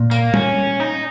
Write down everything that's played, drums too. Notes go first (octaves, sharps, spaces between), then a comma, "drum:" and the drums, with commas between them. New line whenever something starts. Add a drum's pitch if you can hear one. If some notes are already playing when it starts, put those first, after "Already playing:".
Already playing: A#2
A#3, drum: tambourine
C#4, drum: tom
D#4